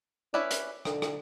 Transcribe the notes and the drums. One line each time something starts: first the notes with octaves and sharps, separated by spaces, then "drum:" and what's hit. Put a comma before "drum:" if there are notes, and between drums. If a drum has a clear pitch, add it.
C#4 D4 E4 B4 D5
drum: hi-hat
D3, drum: rim click
drum: rim click